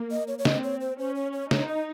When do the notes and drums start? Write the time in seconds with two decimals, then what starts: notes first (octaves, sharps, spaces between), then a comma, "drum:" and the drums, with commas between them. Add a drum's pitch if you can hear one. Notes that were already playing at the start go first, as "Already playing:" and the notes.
Already playing: A#3
0.11 D#5
0.28 C#5
0.39 C#5
0.45 C4 D#5, drum: snare
0.64 C#5
0.81 C5
0.99 C#4 C5
1.15 C#5
1.33 C#5
1.51 D#4 C#5, drum: snare
1.68 D#5